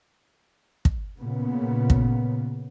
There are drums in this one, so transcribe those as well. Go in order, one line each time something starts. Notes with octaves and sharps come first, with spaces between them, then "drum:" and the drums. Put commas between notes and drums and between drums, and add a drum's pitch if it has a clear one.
drum: kick
A#2 C#3 B3
drum: kick